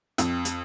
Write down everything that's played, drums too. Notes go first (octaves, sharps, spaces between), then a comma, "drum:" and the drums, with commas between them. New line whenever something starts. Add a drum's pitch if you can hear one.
F2, drum: hi-hat
drum: hi-hat